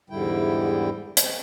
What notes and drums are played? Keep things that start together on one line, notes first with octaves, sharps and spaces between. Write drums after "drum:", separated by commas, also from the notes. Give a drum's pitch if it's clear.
E2 G#2 D3 G3 E4 G5
drum: hi-hat